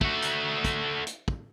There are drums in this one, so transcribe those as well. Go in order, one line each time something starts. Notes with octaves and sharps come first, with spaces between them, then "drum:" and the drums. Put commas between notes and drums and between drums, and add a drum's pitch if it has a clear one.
A3 F#4, drum: kick
drum: hi-hat
drum: kick, hi-hat
drum: hi-hat
drum: kick